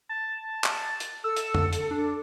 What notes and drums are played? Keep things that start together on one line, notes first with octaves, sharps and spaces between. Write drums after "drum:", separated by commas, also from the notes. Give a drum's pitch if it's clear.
A5
drum: clap
drum: hi-hat
A4 E6
drum: hi-hat
drum: tom F2
drum: hi-hat
D4